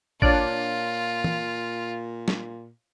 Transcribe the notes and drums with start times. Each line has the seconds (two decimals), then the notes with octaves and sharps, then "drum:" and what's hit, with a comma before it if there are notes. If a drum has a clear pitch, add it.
0.22 A#2 D4 F4 C#5 D5 F6 A6, drum: kick
1.24 drum: tom E3
2.28 drum: snare